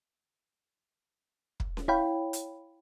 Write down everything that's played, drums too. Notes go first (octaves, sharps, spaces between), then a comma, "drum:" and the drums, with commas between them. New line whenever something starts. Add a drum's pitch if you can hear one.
drum: kick
drum: snare C#4
E4 C#5 F5 G5 B5
drum: hi-hat